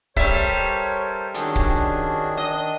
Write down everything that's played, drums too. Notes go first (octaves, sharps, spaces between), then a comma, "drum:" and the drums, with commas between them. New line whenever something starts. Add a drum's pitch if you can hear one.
G3 A4 A#4 C5 C#5 E5, drum: kick
D#3 C#4 D4 F#4 G#4, drum: hi-hat
drum: kick
D#5